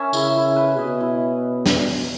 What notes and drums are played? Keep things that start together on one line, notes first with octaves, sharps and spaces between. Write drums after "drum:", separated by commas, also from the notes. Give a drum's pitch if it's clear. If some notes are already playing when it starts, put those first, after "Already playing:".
Already playing: C#4 A#4 E5
C#3 E4, drum: tambourine
E4
B4
B2 D#5
E4
drum: snare
drum: open hi-hat